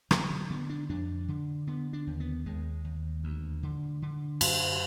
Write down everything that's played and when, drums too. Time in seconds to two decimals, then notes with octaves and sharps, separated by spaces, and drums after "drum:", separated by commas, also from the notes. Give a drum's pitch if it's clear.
0.11 D3 F3, drum: rim click
0.30 F#3
0.50 D3 B3
0.70 D4
0.89 F2 D4
1.28 D3
1.67 D3 B3
1.93 D4
2.07 D#2
2.20 B3
2.46 D#2 G#3
2.85 D#2
3.24 D2
3.63 D3
4.02 D3
4.41 F#2, drum: cymbal